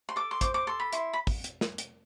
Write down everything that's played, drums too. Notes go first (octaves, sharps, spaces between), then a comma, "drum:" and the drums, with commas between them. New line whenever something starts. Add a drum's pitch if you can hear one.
C6
A4 D6
C6
C5 D6, drum: kick, hi-hat
D6
A4 C6
B5
E4 C6, drum: hi-hat
B5
drum: kick, open hi-hat
drum: hi-hat
drum: snare
drum: hi-hat